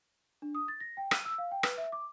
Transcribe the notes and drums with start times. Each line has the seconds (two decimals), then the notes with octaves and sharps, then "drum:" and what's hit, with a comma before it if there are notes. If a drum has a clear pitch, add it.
0.42 D4
0.55 D#6
0.68 A6
0.80 A#6
0.97 G5
1.11 D#7, drum: rim click
1.25 E6
1.38 F5
1.51 G5
1.63 B4, drum: rim click
1.78 E5
1.92 D6